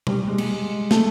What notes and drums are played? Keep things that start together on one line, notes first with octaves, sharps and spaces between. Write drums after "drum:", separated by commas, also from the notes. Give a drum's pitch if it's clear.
G3, drum: tom B2
G#3
G#3, drum: cymbal
A3, drum: snare